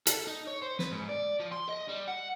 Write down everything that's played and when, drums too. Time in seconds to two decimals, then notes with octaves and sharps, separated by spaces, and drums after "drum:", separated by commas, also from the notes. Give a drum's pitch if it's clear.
0.07 A4, drum: hi-hat
0.27 D#4
0.47 C#5
0.62 C5
0.79 B4, drum: snare
0.91 G#2
1.09 D5
1.40 F3
1.52 C6
1.69 D#5
1.89 G3
2.07 F#5